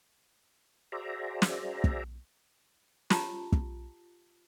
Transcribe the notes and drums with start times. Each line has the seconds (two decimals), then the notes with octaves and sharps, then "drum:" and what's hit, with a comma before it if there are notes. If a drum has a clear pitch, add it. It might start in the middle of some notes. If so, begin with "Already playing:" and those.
0.92 F#4 G#4 C5 D5 E5 A#5
1.42 drum: snare
1.84 drum: kick
3.10 F4 G4 A5 A#5, drum: snare
3.52 drum: kick